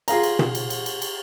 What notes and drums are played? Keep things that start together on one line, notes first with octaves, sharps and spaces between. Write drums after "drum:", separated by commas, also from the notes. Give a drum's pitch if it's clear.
F4 G#4 F5 A#5, drum: cymbal
drum: cymbal
drum: tom
drum: cymbal
drum: cymbal
drum: cymbal
drum: cymbal